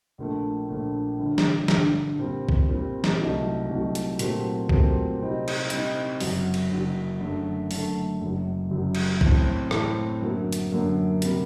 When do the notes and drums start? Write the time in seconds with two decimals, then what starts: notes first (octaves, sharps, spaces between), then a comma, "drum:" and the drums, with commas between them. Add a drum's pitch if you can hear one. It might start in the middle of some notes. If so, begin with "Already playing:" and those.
0.18 A#1 A#2 A3
0.68 A#1 A#2 A3
1.19 G1 G2 D3
1.38 drum: snare
1.68 G1 G2 D3, drum: snare
2.19 A#2 G3 C4
2.49 drum: kick
2.69 A#2 G3 C4
3.04 drum: snare
3.19 C2 C3 F#3 A3 D#4
3.69 C2 C3 F#3 A3 D#4
3.95 drum: hi-hat
4.19 A#2 F#3 A3 C4 G4, drum: hi-hat
4.69 A#2 F#3 A3 C4 G4, drum: kick
5.19 C3 G3 C4 D#4
5.48 drum: cymbal
5.70 C3 G3 C4 D#4, drum: hi-hat
6.20 F#1 F#2 F#3, drum: open hi-hat
6.54 drum: cymbal
6.70 F#1 F#2 F#3
7.20 F#2 D3 A3
7.71 F#2 D3 A3, drum: open hi-hat
8.21 F#1 F#2 F#3
8.71 F#1 F#2 F#3
8.95 drum: cymbal
9.21 A2 A3 C4, drum: kick
9.71 A2 A3 C4, drum: rim click
10.22 F#2 D3 F#3 A#3
10.53 drum: hi-hat
10.71 F#2 D3 F#3 A#3
11.22 C3 G3 A#3 F#4, drum: hi-hat